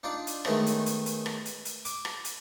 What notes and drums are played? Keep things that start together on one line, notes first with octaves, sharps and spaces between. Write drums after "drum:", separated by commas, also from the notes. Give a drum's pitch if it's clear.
D4 D#4 F4 D5
drum: hi-hat
D#3 G#3 A3 B3 C#4 D#4, drum: rim click
drum: hi-hat
drum: hi-hat
drum: hi-hat
drum: rim click
drum: hi-hat
drum: hi-hat
D6, drum: hi-hat
drum: rim click
drum: hi-hat